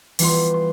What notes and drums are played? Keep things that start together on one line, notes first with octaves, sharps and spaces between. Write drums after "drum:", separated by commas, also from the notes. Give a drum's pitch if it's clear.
E3 G3 B3 F4 C6, drum: open hi-hat
C6